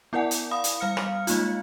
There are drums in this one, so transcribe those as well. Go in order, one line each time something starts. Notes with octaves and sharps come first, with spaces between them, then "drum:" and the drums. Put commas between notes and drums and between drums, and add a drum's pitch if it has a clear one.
B3 E4 A#4 D5 F#5 G#5
drum: hi-hat
F5 B5 D#6
drum: hi-hat
G3 F5 F6 C#7
drum: rim click
G#3 A#3 D#4 F4, drum: hi-hat